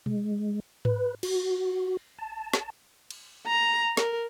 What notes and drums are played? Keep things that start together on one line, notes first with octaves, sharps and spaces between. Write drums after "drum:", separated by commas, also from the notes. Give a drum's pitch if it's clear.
G#3, drum: tom B2
B4, drum: tom G#2
F#4, drum: cymbal
A5
drum: snare
drum: cymbal
A#5
A#4, drum: snare